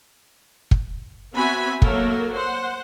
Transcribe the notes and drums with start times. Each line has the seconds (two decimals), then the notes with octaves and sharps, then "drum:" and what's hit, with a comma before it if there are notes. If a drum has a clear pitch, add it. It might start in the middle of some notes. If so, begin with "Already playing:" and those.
0.71 drum: kick
1.33 B3 C4 F#4 E5 G#5 B5
1.82 F#3 A3 A#3 A4 A#4, drum: kick
2.35 C5 F#5